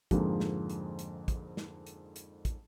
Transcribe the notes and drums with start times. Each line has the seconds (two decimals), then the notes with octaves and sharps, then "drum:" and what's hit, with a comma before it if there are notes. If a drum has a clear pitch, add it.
0.11 F2 G#2 D3 F3 G#3 A#3, drum: kick, hi-hat
0.40 drum: snare
0.70 drum: hi-hat
0.99 drum: hi-hat
1.28 drum: kick, hi-hat
1.57 drum: snare
1.87 drum: hi-hat
2.16 drum: hi-hat
2.45 drum: kick, hi-hat